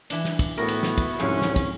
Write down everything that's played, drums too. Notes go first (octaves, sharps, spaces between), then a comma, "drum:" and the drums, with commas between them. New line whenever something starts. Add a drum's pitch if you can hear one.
E3 D4, drum: cymbal
drum: snare
drum: kick, cymbal
A2 B3 E4 F#4 A#4
drum: cymbal
drum: snare
drum: kick, cymbal
C2 F2 G#2 C#4 G#4
drum: snare
drum: kick, cymbal